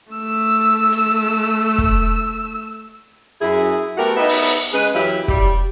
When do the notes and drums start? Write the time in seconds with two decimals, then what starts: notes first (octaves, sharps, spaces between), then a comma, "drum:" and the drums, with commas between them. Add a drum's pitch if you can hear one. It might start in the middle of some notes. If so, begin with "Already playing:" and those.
0.13 A3 E6
0.92 drum: hi-hat
1.78 drum: kick
3.41 F#2 E4 G#4
3.97 A3 B3 F#4 G4 A#4
4.16 B3 D#4 B4 D#5 E5 F#5
4.29 drum: open hi-hat
4.42 drum: open hi-hat
4.72 C#3 G#3 B4
4.94 F#2 E3 F#3 E4 G4 F5
5.28 G3, drum: kick